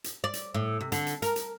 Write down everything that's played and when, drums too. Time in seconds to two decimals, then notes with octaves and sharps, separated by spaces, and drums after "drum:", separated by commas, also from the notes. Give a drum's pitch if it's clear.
0.04 drum: hi-hat
0.24 D5
0.34 drum: hi-hat
0.54 A2
0.81 C3
0.92 D3, drum: hi-hat
1.07 drum: hi-hat
1.22 A#4, drum: hi-hat
1.36 drum: hi-hat